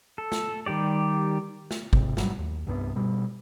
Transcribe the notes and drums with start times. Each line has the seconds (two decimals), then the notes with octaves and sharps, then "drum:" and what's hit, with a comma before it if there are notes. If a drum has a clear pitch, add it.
0.18 A4
0.32 drum: snare
0.66 D#3 G3 G4 D5
1.71 drum: snare
1.93 G#2 C3, drum: kick
2.17 G#2 F#3 G3, drum: snare
2.39 D#2
2.67 C2 G2 F3 B3
2.96 B2 G3